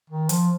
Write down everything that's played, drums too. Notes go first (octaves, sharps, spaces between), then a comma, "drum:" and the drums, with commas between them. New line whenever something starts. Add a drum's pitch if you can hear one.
D#3
F3, drum: hi-hat